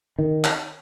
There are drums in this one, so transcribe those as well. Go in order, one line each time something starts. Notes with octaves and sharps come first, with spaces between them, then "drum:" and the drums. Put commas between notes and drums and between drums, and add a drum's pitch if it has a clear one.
D#3
drum: clap